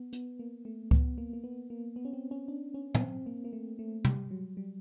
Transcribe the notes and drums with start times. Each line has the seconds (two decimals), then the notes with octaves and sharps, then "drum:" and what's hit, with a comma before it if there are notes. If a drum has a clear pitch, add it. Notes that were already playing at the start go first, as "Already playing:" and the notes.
Already playing: B3
0.13 B3, drum: hi-hat
0.39 A#3
0.65 A3
0.91 B3, drum: kick C#2
1.18 A#3
1.33 A#3
1.44 B3
1.70 A#3
1.96 B3
2.05 C#4
2.13 C4
2.31 C#4
2.48 D4
2.74 C#4
2.94 B3, drum: tom
3.01 C4
3.26 A#3
3.44 A#3
3.53 A3
3.79 A3
4.05 G3, drum: tom
4.31 F#3
4.57 G3